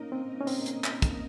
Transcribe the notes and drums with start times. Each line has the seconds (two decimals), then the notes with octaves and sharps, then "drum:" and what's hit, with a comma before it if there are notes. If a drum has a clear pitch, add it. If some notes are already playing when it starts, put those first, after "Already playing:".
Already playing: A#3 C#4 D#4 A#4 D#5
0.12 C4
0.40 C#4
0.47 C4, drum: open hi-hat
0.66 drum: hi-hat
0.84 drum: clap
1.02 drum: kick, hi-hat